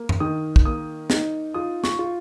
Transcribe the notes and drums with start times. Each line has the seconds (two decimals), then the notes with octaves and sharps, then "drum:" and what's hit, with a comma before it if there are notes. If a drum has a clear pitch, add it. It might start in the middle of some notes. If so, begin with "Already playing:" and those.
Already playing: A#3
0.09 drum: tom F#2
0.20 D#3 D#6
0.56 drum: kick
0.65 A#3 D#6
1.10 D#4, drum: snare
1.54 F4 D#6
1.84 C#6, drum: snare
1.99 F4